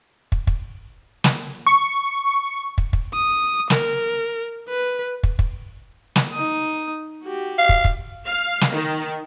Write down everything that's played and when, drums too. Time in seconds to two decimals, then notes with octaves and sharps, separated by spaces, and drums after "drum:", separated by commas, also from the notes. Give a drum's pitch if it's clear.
0.32 drum: kick
0.47 drum: kick
1.24 drum: snare
1.67 C#6
2.78 drum: kick
2.93 drum: kick
3.14 D#6
3.70 A#4, drum: snare
4.69 B4
5.23 drum: kick
5.39 drum: kick
6.16 drum: snare
6.32 D#4 D#6
7.23 F#4 G4
7.59 F5
7.69 drum: kick
7.85 drum: kick
8.27 F5
8.61 drum: snare
8.71 D#3